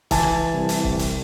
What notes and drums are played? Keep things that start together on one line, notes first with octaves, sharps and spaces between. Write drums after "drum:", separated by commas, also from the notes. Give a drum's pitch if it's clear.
E3 G#5 A5, drum: kick C#1, hi-hat
drum: rim click
C2
drum: hi-hat
drum: kick C#1
drum: hi-hat